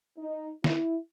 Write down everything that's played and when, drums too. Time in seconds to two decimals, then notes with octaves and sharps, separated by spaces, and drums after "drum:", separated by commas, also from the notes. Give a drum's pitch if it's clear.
0.18 D#4
0.64 E4, drum: snare